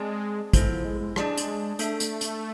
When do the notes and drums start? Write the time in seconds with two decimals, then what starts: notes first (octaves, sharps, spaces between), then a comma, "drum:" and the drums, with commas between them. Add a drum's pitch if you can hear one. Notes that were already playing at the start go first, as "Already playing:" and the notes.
Already playing: G#3 C4 G#4 D5 A5
0.53 G#3 B3 E4 A4 C5, drum: kick, hi-hat
0.69 F3
0.85 G#3
1.01 G#3
1.16 G#3 D4 G#4 D5 A5, drum: rim click
1.38 drum: hi-hat
1.79 A3 D4 A4 E5, drum: hi-hat
2.00 drum: hi-hat
2.21 drum: hi-hat